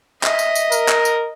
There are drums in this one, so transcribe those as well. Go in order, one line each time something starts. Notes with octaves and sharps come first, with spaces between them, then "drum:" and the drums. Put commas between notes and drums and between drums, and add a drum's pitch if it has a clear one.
D#5 E5, drum: clap
drum: tambourine
drum: tambourine
A#4, drum: tambourine
drum: clap
drum: tambourine